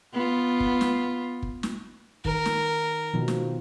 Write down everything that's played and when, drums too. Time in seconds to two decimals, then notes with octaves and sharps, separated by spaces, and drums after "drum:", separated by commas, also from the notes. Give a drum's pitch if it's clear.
0.13 B3 F4
0.60 drum: kick
0.81 drum: snare
1.43 drum: kick
1.63 drum: snare
2.25 D#3 A#4, drum: kick
2.45 drum: snare
3.14 B2 D#3 F3
3.28 drum: snare